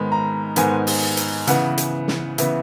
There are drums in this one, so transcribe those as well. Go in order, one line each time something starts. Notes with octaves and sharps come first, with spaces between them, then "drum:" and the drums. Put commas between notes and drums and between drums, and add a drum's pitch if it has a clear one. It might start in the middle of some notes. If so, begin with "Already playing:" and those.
Already playing: G#2 D#3 G#3 B3 B5
A#5
G#2 D#3 G#3 B3 G#5, drum: hi-hat
drum: open hi-hat
drum: hi-hat
C#3 E3 B3 F#5, drum: hi-hat
drum: hi-hat
drum: snare
C#3 E3 B3 E5, drum: hi-hat